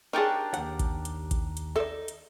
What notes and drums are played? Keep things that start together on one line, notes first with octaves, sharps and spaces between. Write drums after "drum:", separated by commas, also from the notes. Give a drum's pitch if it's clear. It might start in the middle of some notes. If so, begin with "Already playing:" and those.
D4 D#4 G4 G#4 A#4 C#5 A5
D#2 F#5, drum: hi-hat
drum: kick A1, hi-hat
drum: hi-hat
drum: kick A1, hi-hat
drum: hi-hat
D#4 A4 D5 E5
drum: hi-hat